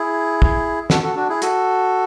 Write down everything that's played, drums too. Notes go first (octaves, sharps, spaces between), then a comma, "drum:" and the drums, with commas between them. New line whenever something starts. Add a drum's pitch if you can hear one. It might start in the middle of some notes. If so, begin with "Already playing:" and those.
Already playing: E4 G#4
drum: kick
F#4 A4, drum: snare
F#4 A4
D4 F#4
E4 G#4
F#4 A4, drum: hi-hat